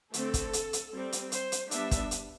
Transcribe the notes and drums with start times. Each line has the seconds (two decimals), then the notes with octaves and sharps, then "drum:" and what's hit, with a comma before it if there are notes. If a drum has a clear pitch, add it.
0.14 D3 A3 C4 A4, drum: hi-hat
0.34 drum: kick, hi-hat
0.53 drum: hi-hat
0.73 drum: hi-hat
0.93 G3 C4
1.12 drum: hi-hat
1.32 C5, drum: hi-hat
1.52 drum: hi-hat
1.71 G3 B3 D4 E5, drum: hi-hat
1.91 drum: kick, hi-hat
2.11 drum: hi-hat